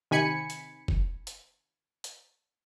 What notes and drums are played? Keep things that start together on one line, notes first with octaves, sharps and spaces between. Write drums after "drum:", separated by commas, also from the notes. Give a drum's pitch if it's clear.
C3 D#3 G#5 B5 C#7
drum: hi-hat
drum: kick F1
drum: hi-hat
drum: hi-hat